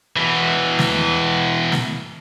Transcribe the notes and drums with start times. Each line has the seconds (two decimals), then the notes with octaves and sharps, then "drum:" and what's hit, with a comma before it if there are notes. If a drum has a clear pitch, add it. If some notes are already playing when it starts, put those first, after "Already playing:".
0.16 B2 E3
0.79 drum: snare
1.72 drum: snare